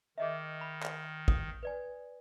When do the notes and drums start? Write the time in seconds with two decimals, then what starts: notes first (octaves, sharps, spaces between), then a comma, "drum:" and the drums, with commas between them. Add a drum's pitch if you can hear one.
0.18 D#3 G#4 D#5 E5
0.61 B5
0.83 drum: clap
1.28 D#6, drum: kick
1.63 B4 D5 G#5